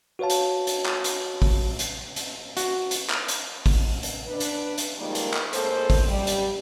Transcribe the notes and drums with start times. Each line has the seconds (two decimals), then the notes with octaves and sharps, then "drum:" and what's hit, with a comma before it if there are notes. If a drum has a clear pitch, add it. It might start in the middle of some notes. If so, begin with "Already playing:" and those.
0.19 F#4 B4 C#5 F5 A5
0.30 drum: hi-hat
0.67 drum: hi-hat
0.86 drum: clap
1.04 drum: hi-hat
1.42 drum: kick A1, open hi-hat
1.79 drum: hi-hat
2.16 drum: hi-hat
2.57 F#4, drum: hi-hat
2.91 drum: hi-hat
3.10 drum: clap
3.28 drum: hi-hat
3.66 drum: kick A1, open hi-hat
4.03 drum: hi-hat
4.27 D4 B4
4.40 drum: hi-hat
4.78 drum: hi-hat
4.99 D#3 F3 G3 G#3 A#3 D#4
5.15 drum: hi-hat
5.34 drum: clap
5.53 A2 G#3 A#3 A4 C5, drum: hi-hat
5.90 drum: kick A1, open hi-hat
6.08 G3
6.27 drum: hi-hat